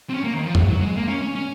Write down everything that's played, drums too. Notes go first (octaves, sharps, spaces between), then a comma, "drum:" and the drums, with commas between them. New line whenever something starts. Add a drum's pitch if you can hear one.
C4
C#4
A#3
D#3
F3
F#3, drum: tom F2
F#3
G#3
A#3
C#4
C#4
C#4